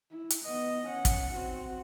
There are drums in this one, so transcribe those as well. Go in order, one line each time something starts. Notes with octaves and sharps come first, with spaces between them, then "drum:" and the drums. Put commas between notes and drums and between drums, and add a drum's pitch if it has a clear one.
E4
drum: hi-hat
B3 D#5
C#4 F#5
drum: kick, hi-hat
C4 F#4